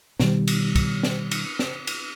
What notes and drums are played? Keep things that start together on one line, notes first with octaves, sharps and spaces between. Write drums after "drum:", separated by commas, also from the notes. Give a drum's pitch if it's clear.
B2 D#3 G3, drum: snare
drum: cymbal
drum: kick, cymbal
drum: snare
drum: cymbal
drum: snare
drum: cymbal